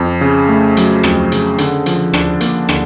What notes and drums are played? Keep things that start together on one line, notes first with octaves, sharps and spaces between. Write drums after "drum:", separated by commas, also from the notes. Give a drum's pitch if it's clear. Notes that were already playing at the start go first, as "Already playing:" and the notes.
Already playing: F2
C#3
A3
F#3, drum: hi-hat
F2, drum: rim click
C#3, drum: hi-hat
D3, drum: hi-hat
F3, drum: hi-hat
D4, drum: rim click
A#3, drum: hi-hat
D3, drum: rim click